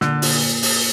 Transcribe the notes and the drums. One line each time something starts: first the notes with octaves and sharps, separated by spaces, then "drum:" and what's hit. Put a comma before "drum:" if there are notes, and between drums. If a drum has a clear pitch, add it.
A#2 D3, drum: snare
A#2, drum: open hi-hat
A#2
drum: open hi-hat